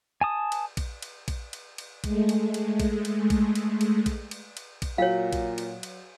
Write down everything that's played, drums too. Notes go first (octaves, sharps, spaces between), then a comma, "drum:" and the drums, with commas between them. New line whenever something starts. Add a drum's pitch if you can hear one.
G#5 A5 D#6
drum: cymbal
drum: kick A#1, cymbal
drum: cymbal
drum: kick A#1, cymbal
drum: cymbal
drum: cymbal
G#3 A3, drum: kick A#1, cymbal
drum: cymbal
drum: cymbal
drum: kick A#1, cymbal
drum: cymbal
drum: kick A#1, cymbal
drum: cymbal
drum: cymbal
drum: kick A#1, cymbal
drum: cymbal
drum: cymbal
drum: kick A#1, cymbal
A#2 F#3 C#5 F5
drum: kick A#1, cymbal
drum: cymbal
drum: cymbal